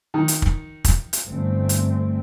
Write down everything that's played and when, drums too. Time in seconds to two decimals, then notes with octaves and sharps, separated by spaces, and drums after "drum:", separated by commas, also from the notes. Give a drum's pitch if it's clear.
0.14 D#3
0.28 drum: hi-hat
0.42 drum: kick
0.85 drum: kick, hi-hat
1.13 drum: hi-hat
1.27 G1 A3 C4
1.69 drum: hi-hat